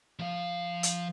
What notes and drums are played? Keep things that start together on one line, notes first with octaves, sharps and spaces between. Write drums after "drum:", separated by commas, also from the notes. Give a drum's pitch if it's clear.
F3 F5
drum: hi-hat